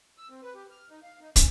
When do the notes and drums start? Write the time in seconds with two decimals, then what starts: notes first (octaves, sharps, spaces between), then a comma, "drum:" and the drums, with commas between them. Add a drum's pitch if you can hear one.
0.18 E6
0.30 C4
0.43 B4
0.55 G4
0.71 F6
0.90 D#4
1.03 F5
1.21 D#4
1.36 C#4, drum: kick, hi-hat